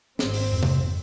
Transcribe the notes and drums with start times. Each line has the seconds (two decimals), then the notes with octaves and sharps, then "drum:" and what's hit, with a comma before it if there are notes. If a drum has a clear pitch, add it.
0.19 G#1 C4, drum: snare
0.34 drum: open hi-hat
0.52 F2
0.63 drum: tom C3